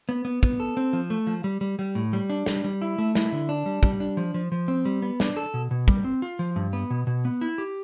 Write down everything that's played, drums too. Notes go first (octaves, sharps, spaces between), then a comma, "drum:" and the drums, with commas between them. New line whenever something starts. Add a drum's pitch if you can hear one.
B3
B3
B3, drum: kick
A4
C4
F3
A3
F3
G3
G3
G3
A2
G3
D4
G3, drum: snare
G3
E4
A3
E4, drum: snare
D3
D4
G3
G3, drum: kick
D4
F3
F3
F3
C4
G3
B3
D4, drum: snare
A4
B2
B2
G3, drum: kick
C4
F4
F3
G2
B3
B2
B2
B3
E4
G4